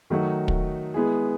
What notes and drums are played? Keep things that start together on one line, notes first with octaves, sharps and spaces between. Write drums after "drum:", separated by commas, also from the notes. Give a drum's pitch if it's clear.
D#3 F#3 A3 D#4 F#4
drum: kick
G#3 B3 E4 G#4